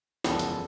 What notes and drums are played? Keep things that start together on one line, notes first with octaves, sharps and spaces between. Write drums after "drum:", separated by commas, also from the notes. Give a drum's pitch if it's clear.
F#1 E2 C#3 F3 G#3 A4, drum: snare
drum: hi-hat